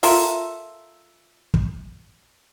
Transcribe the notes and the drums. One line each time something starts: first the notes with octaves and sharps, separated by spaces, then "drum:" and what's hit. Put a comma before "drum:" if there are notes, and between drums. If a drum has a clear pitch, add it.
F4 A4 A#4 E5, drum: open hi-hat
drum: kick